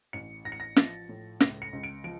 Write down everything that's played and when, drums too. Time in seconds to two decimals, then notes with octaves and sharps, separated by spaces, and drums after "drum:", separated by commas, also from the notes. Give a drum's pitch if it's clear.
0.13 A1 C#7
0.45 A1 A#6
0.52 C#7
0.60 A#6
0.76 F3 A6, drum: snare
1.09 A2
1.40 C#2 A#6, drum: snare
1.62 C#7
1.73 C#2
1.83 D7
2.04 F3 D7